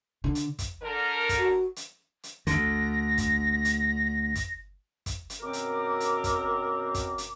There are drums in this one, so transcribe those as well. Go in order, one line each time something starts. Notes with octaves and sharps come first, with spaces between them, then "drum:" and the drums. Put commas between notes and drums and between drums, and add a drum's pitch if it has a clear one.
D3
drum: hi-hat
drum: kick, hi-hat
D3 A#4
drum: kick, hi-hat
F#4
drum: hi-hat
drum: hi-hat
D2 D3 A#6, drum: kick, hi-hat
drum: kick, hi-hat
drum: hi-hat
drum: kick, hi-hat
drum: kick, hi-hat
drum: hi-hat
F#2 B2 C4 A#4 D6
drum: hi-hat
drum: hi-hat
drum: kick, hi-hat
drum: kick, hi-hat
drum: hi-hat